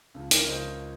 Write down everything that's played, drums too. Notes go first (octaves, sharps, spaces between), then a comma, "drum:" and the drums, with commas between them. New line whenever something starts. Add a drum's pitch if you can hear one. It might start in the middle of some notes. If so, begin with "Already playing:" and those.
C#2 C#3 F3
A#4 C#5, drum: hi-hat
C#2 C#3 F3 C5 D#5